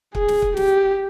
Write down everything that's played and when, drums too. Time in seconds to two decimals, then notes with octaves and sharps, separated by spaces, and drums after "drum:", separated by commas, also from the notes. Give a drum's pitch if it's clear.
0.15 G#4, drum: kick
0.28 drum: snare
0.42 drum: kick
0.57 G4, drum: snare